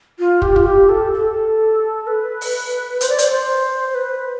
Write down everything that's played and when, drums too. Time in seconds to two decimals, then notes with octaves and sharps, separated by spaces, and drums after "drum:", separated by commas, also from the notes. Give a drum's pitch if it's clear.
0.19 F4
0.42 G4, drum: kick
0.56 F4, drum: kick
0.66 G4
0.89 A4
1.13 A4
2.07 B4
2.41 drum: open hi-hat
3.01 C5, drum: hi-hat
3.09 D5
3.18 C5, drum: hi-hat
3.95 B4